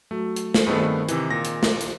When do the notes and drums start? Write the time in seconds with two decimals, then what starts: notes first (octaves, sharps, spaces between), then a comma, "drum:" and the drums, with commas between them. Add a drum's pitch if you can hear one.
0.11 F#3 A3
0.36 drum: hi-hat
0.54 drum: snare
0.66 G2 D#3 A3 B3 C4 G#4
1.09 C3 E3, drum: hi-hat
1.30 A#2 A#6
1.45 drum: hi-hat
1.63 drum: snare
1.81 drum: hi-hat